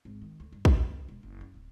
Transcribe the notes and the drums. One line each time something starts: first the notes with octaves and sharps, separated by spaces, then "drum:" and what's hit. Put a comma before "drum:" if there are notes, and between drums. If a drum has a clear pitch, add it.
G#1
D#3
D2
G2
A#1, drum: kick
D4
C#2
E1
F#1
F#2
D1